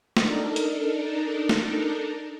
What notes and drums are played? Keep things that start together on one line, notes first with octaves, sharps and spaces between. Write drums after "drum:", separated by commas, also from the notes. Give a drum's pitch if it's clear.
D4 D#4 A4 A#4, drum: snare
drum: hi-hat
drum: snare